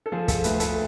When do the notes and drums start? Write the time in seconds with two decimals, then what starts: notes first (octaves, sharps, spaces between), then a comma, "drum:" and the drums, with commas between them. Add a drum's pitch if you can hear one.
0.06 A4
0.12 F3 G#4
0.28 A4, drum: kick, hi-hat
0.44 D2 B4, drum: hi-hat
0.60 A4, drum: hi-hat